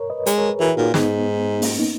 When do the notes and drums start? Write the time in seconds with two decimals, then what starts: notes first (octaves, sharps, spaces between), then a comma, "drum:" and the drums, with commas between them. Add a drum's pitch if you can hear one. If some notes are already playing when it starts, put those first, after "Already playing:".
Already playing: A#4 C#5
0.10 B4 D#5
0.26 G#3 A#4 C#5, drum: hi-hat
0.38 A#4 C#5
0.49 G#4 B4
0.60 E3 F#4 A#4
0.77 A#2 D#4 F#4
0.94 G#2 B3 D#4, drum: snare
1.62 A#3 C#4, drum: open hi-hat
1.78 B3 D#4